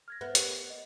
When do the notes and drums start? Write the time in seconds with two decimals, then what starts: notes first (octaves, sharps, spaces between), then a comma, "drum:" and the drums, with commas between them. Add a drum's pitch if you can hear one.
0.08 F6 G#6 A#6
0.21 B3 E5
0.35 G4 A#4, drum: hi-hat
0.70 D#5